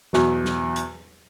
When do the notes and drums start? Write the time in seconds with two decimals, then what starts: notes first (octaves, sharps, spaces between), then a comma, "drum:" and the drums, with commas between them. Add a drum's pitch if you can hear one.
0.13 E2 B2 F#3, drum: snare
0.45 drum: snare
0.76 drum: hi-hat